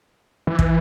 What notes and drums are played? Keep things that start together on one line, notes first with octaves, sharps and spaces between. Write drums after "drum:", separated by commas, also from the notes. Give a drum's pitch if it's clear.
E3
drum: kick